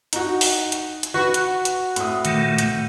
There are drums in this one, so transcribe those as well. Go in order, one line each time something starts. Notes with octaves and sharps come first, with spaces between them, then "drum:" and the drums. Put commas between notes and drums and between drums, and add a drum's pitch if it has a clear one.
D#4 F#4, drum: hi-hat
drum: open hi-hat
drum: hi-hat
drum: hi-hat
F#4 B4
drum: hi-hat
drum: hi-hat
A2 D#6, drum: hi-hat
A#2 D#3 A3, drum: hi-hat
drum: hi-hat